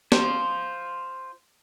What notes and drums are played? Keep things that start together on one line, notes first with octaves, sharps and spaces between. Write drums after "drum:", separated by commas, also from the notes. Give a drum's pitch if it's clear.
F4 C5, drum: snare